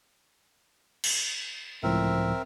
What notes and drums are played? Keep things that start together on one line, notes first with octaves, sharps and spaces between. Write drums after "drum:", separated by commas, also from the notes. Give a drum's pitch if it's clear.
drum: cymbal
C#2 A2 F3 C4 A#4 E5